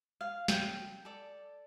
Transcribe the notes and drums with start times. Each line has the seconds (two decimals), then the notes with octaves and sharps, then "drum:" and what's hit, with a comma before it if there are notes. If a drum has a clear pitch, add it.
0.21 F5
0.48 G5, drum: snare
1.05 A4 D5